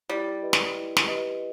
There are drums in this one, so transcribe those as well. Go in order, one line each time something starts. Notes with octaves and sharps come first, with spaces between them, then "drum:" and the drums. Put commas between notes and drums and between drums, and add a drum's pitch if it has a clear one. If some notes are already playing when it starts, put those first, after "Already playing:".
G3 E4
G4 B4 D#5
drum: snare
E4
drum: snare
G4 B4 D#5